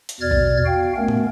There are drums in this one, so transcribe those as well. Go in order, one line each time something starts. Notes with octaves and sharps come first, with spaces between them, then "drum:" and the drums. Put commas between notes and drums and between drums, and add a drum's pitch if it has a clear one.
drum: hi-hat
E2 B2 D5 F6 G#6 A6
drum: kick A#1
F#4 F5 G5
A3 B3 C#4 A#4
drum: tom